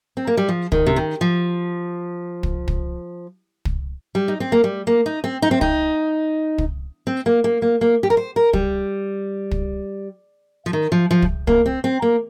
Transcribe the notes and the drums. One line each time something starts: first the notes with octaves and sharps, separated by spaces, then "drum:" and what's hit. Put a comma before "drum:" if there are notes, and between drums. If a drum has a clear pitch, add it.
C4
A#3
G3
F3
D#3, drum: kick
C3
D#3
F3
drum: kick
drum: kick
drum: kick
G3
D#4
C4
A#3
G3
A#3
D#4
C4
D#4
C4
D#4, drum: kick
drum: kick
C4
A#3
A#3
A#3
A#3
G4
A#4
C5
A#4
G3, drum: kick
drum: kick
F3
D#3
F3
F3
drum: kick
A#3, drum: kick
C4
C4
A#3